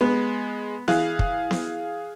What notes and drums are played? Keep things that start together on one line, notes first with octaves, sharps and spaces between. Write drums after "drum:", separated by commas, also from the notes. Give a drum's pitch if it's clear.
G#3 B3
E3 G#4 F5 F#6, drum: snare B3
drum: kick
drum: snare B3